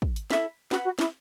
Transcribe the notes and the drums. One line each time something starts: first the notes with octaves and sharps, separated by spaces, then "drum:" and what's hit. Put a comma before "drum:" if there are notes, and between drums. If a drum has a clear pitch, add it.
drum: kick
drum: hi-hat
E4 A4 E5 B5, drum: snare
F#4 B4 F#5 B5, drum: snare
F#4
E4, drum: snare